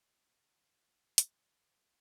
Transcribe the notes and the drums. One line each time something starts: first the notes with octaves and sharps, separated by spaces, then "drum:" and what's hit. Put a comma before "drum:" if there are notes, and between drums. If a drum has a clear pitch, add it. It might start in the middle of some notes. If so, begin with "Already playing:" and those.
Already playing: D#2 D3 A3 C4 F4
D2 D3 F3 C4, drum: hi-hat